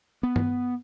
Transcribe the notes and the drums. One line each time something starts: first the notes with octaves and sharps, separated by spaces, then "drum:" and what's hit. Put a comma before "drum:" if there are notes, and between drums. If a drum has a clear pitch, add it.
B3
drum: tom G2